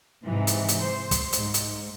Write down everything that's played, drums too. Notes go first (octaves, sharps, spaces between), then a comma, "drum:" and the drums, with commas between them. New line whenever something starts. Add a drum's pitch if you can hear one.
G#2 C3 E3
drum: hi-hat
drum: hi-hat
C5
drum: kick, hi-hat
G#2, drum: hi-hat
drum: hi-hat